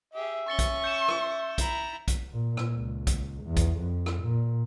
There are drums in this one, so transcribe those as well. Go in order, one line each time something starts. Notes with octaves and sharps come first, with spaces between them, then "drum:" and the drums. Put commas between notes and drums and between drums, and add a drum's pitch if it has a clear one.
G4 G#4 E5
C#4 C#6 A6 C#7 G7
drum: kick, hi-hat
G6 C#7 E7
drum: rim click
E4 A#5, drum: kick, hi-hat
drum: kick, hi-hat
A#2
drum: rim click
C#2
drum: kick, hi-hat
E2
drum: kick, hi-hat
F2
drum: rim click
A#2